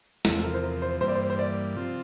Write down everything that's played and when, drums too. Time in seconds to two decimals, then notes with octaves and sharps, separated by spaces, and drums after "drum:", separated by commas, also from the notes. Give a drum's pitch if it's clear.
0.25 E2 C3 F3 A4, drum: snare
0.36 A4
0.43 A#4
0.54 C5
0.63 A#4
0.82 C5
1.01 G2 E3 G3 A#3 C5
1.08 D5
1.15 C5
1.30 C5
1.39 D5
1.76 C3 F3 C4 F4